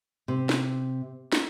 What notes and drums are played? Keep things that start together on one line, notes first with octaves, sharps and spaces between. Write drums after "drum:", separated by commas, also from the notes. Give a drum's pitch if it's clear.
C3
drum: snare
drum: snare